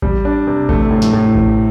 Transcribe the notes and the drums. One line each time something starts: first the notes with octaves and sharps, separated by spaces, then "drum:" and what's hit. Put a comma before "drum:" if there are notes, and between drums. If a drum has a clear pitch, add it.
G3, drum: kick A1
D4
C3
A3, drum: kick A1
A2
drum: snare
A2
drum: kick A1